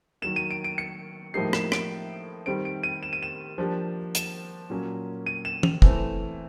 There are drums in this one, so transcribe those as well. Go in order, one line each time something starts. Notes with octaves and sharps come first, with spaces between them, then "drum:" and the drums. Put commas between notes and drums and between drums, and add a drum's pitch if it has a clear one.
D#3 F#3 A#3 E7
D#7
D7
D7
C#7
A2 F3 A#3 D#4 G4 C7
E7, drum: rim click
D7, drum: rim click
D#3 G3 C4 D7
D7
D#7
E7
D#7
E7
F3 A#3 D4 G4
E7, drum: hi-hat
A#2 F#3 A#3 C#4
D#7
E7
F7, drum: tom
E3 A3 C4, drum: kick